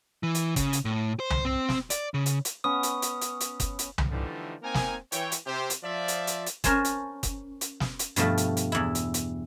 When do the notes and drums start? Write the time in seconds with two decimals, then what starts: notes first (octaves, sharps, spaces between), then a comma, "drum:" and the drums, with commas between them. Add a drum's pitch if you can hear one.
0.23 E3
0.35 drum: hi-hat
0.56 C#3, drum: kick F#1, hi-hat
0.73 drum: hi-hat
0.85 A2
1.20 C5
1.30 drum: tom C2
1.45 C4
1.69 drum: snare
1.90 D5, drum: hi-hat
2.14 C#3
2.26 drum: hi-hat
2.45 drum: hi-hat
2.64 B3 C#4 D#6
2.83 drum: hi-hat
3.02 drum: hi-hat
3.21 drum: hi-hat
3.41 drum: hi-hat
3.60 drum: kick F#1, hi-hat
3.79 drum: hi-hat
3.98 drum: tom C2
4.11 D3 E3 F3 G3 A3 D#4
4.62 A#3 C4 D#4 A#4 G#5
4.74 drum: snare
5.12 E3 C#5 G5, drum: hi-hat
5.32 drum: hi-hat
5.46 C3 G4 C5
5.70 drum: hi-hat
5.83 F3 D5 E5
6.08 drum: hi-hat
6.27 drum: hi-hat
6.46 drum: hi-hat
6.64 C#4 A#4 C5 G#5 A5, drum: kick F#1, hi-hat
6.85 drum: hi-hat
7.23 drum: kick F#1, hi-hat
7.61 drum: hi-hat
7.80 drum: snare
7.99 drum: hi-hat
8.16 G2 B2 F3 A3, drum: hi-hat
8.38 drum: hi-hat
8.57 drum: hi-hat
8.72 E2 E4
8.95 drum: hi-hat
9.14 drum: hi-hat